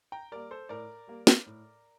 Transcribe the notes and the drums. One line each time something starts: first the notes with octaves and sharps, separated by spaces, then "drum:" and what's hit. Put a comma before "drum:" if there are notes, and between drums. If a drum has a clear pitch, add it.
G5 A#5
G3 A#3 A#4 D5
A4 C5
A2 A#4 D5
G3 A#3
drum: snare
A2